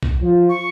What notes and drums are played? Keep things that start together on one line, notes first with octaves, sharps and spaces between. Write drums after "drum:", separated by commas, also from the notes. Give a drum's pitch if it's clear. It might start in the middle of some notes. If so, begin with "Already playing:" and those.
drum: kick C2
F3
C#6